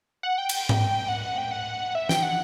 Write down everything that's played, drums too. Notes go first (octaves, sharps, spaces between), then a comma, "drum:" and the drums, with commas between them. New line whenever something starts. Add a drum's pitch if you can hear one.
F#5
G5
drum: cymbal
drum: tom G#2
F#5
G5
F#5
E5
G5, drum: snare
F#5